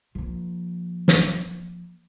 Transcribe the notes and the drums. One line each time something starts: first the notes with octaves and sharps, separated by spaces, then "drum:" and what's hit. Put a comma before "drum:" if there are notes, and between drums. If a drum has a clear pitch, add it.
F3 A#3
drum: snare